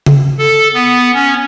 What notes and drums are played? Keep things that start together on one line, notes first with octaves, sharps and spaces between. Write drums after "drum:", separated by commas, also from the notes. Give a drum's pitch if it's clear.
drum: tom C#3
A4
B3
C#4